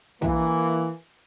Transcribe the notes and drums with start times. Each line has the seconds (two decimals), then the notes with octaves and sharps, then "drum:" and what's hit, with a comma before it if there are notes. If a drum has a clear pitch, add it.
0.22 E3 A#3, drum: kick